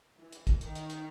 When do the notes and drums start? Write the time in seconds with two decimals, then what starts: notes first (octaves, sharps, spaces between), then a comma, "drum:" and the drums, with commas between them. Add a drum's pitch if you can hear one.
0.18 E3
0.33 drum: hi-hat
0.47 drum: kick, hi-hat
0.61 D#3, drum: hi-hat
0.75 drum: hi-hat
0.90 drum: hi-hat